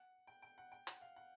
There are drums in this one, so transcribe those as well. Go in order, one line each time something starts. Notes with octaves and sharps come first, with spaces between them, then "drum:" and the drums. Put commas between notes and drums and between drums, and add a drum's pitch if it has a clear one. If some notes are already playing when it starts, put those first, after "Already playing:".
Already playing: F#5
G5
G5
F#5
G5
F#5, drum: hi-hat
F5
F#5